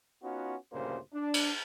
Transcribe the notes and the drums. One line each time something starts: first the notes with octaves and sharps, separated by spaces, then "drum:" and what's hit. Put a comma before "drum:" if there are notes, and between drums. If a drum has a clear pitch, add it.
B3 C#4 D#4 F4 F#4
D2 G2 A#2 C#3 A#3 C5
D4
drum: cymbal